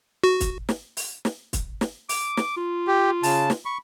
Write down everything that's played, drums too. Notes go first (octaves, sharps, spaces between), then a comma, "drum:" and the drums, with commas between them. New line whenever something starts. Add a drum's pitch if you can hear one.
F#4
drum: kick, hi-hat
drum: snare
drum: open hi-hat
drum: snare
drum: kick, hi-hat
drum: snare
D6, drum: open hi-hat
drum: snare
F4
G4
C#3 A5, drum: open hi-hat
drum: snare
B5 C#6